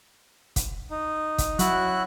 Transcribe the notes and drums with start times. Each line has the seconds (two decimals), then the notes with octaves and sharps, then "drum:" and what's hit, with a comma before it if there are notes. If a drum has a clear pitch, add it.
0.56 drum: kick, hi-hat
0.91 D#4
1.38 drum: kick, hi-hat
1.59 F#3 E4 F#4 F#6, drum: hi-hat